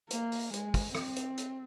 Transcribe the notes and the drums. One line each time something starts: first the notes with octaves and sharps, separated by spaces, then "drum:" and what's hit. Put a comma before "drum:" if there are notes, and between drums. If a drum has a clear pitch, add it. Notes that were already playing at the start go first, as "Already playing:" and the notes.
A#3, drum: hi-hat
drum: open hi-hat
G#3, drum: hi-hat
drum: kick, open hi-hat
C4, drum: rim click
drum: hi-hat
drum: hi-hat